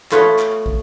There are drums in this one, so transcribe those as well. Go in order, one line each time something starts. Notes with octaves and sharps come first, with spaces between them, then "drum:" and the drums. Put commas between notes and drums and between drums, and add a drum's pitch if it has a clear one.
A3 B3 F4 B4 C#5, drum: clap
drum: clap
drum: kick